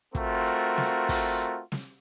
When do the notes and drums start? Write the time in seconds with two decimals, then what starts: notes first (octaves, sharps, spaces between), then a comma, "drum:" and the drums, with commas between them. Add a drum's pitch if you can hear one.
0.15 A3 C4 F4 F#4 A#4, drum: kick, hi-hat
0.46 drum: hi-hat
0.78 drum: snare
1.09 drum: kick, open hi-hat
1.40 drum: hi-hat
1.72 drum: snare